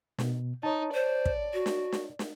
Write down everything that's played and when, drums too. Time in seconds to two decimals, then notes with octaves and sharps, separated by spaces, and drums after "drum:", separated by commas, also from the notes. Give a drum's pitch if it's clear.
0.19 B2, drum: snare
0.63 D#4 C#5 A5
0.94 C5 D5
1.26 drum: kick
1.54 F#4
1.66 drum: snare
1.92 drum: snare
2.19 drum: snare